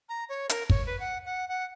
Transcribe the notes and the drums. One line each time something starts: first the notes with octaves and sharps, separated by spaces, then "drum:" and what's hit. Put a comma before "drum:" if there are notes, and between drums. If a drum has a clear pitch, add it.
A#5
C#5
A#4, drum: hi-hat
C#5, drum: kick
B4
F#5
F#5
F#5